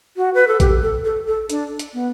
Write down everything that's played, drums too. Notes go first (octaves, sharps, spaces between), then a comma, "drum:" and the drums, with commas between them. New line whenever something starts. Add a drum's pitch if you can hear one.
F#4
B4
A4
G4, drum: kick A#1, hi-hat
A4
A4
A4
D4, drum: hi-hat
drum: hi-hat
B3